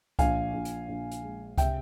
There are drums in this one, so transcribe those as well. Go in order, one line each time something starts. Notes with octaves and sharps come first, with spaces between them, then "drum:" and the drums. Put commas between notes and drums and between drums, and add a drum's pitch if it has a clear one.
A#1 F5 G#5, drum: kick C2, hi-hat
A#1
drum: hi-hat
A#1
drum: hi-hat
G#3
C3 E5 G5, drum: kick C2, hi-hat